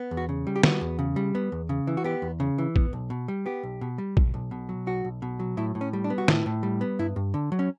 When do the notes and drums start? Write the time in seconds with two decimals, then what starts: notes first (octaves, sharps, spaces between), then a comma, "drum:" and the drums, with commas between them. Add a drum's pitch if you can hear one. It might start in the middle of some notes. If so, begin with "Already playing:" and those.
Already playing: B3
0.11 E2
0.17 F#4
0.29 C#3
0.47 G3
0.56 G4
0.63 B3 F#4, drum: snare
0.81 E2
0.99 C#3
1.16 G3
1.35 B3
1.52 E2
1.69 C#3
1.87 E3
1.97 F#4
2.04 B3 G4
2.22 E2
2.40 C#3
2.58 E3
2.76 B3, drum: kick A#1
2.93 B1
3.10 B2
3.28 G3
3.46 B3 G4
3.63 B1
3.81 B2
3.98 G3
4.17 B1, drum: kick A#1
4.34 B1
4.51 B2
4.69 F#3
4.87 B1 F#4
5.05 B1
5.22 B2
5.40 F#3
5.57 A2 E4
5.75 A2
5.81 C#4
5.93 G3
6.04 D4
6.10 B3
6.18 F#4
6.28 A2 E4, drum: snare
6.46 A2
6.63 G3
6.81 B3
6.99 G2 E4
7.16 G2
7.34 D3
7.52 F#3
7.59 C#4